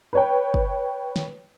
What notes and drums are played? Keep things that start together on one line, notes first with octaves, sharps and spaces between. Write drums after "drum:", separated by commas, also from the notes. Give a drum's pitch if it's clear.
B4 C#5 G5
drum: kick
drum: snare